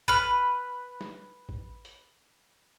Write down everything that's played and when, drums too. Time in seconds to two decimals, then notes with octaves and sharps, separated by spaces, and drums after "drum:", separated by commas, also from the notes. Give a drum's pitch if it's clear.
0.08 B4 F6, drum: kick
1.01 drum: snare
1.49 drum: kick
1.85 drum: hi-hat